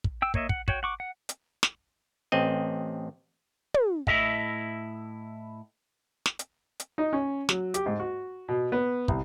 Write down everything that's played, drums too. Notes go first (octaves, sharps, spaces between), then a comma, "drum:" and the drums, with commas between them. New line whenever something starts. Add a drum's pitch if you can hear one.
drum: kick
G5 E6
A#3 C#5 D#5 E5, drum: kick
F#5, drum: kick
F#4 C#5 G5, drum: kick
F#5 C#6 D6
F#5
drum: hi-hat
drum: snare
A1 C4 D#5
drum: tom
A2 E4 G4 A4 D#5 E5, drum: kick
drum: snare
drum: hi-hat
drum: hi-hat
D#4
C#4
F#3, drum: snare
G4, drum: hi-hat
G#2
F#4
B2
B3
C2, drum: kick